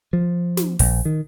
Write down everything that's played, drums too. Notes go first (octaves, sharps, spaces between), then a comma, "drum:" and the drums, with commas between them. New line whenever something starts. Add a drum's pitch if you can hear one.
F3
drum: snare
A#1, drum: open hi-hat
D#3